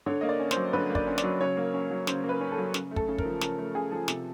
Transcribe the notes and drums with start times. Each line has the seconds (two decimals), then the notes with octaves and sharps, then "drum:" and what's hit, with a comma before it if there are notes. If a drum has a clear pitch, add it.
0.06 D3 C#5
0.21 A#3 D#5
0.29 D5
0.40 C#4
0.51 C5, drum: snare
0.56 F#3
0.73 D3 B4
0.90 A#3
0.95 D5, drum: kick
1.07 C#4
1.18 D5, drum: snare
1.23 F#3
1.41 C#3 C#5
1.57 A#3
1.74 C#4
1.91 F#3
2.07 C#3 C5, drum: snare
2.24 A#3
2.29 B4
2.41 C#4
2.52 A4
2.58 F#3
2.74 C#3, drum: snare
2.91 A3
2.96 A4, drum: kick
3.08 C#3
3.18 A#4, drum: kick
3.25 F3
3.41 C#3 A#4, drum: snare
3.58 A3
3.75 C#3 G#4
3.92 F3 A4
4.08 C3, drum: snare